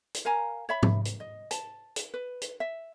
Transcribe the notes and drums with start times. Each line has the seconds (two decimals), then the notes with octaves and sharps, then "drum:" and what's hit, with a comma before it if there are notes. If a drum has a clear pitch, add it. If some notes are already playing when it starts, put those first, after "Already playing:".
0.14 drum: hi-hat
0.25 A#4 F5 G#5 A#5
0.69 C#5 E5 B5
0.83 drum: tom G#2
1.05 drum: hi-hat
1.20 D#5
1.51 A5, drum: hi-hat
1.96 drum: hi-hat
2.14 B4
2.42 drum: hi-hat
2.60 E5